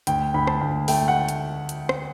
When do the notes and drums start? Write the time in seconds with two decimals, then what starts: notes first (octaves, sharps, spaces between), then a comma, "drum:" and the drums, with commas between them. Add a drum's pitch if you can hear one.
0.07 D2 G5, drum: hi-hat
0.34 D2 B5
0.47 A5, drum: rim click
0.61 D2
0.88 A3 G5, drum: open hi-hat
1.08 F#5
1.29 drum: hi-hat
1.69 drum: hi-hat
1.89 drum: rim click